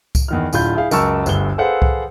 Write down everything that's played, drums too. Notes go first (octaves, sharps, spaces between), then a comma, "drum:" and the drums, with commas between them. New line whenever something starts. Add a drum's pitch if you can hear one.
drum: kick C2, tambourine
E2 D#3 F6
D1 D3 F4 B5 G6, drum: tambourine
E4 G#4 F5
C#2 F#2 A#4 A5 C#6 E6, drum: tambourine
G1 D2 G7, drum: tambourine
G#4 A4 B4 C5 F5 F#5
drum: kick C2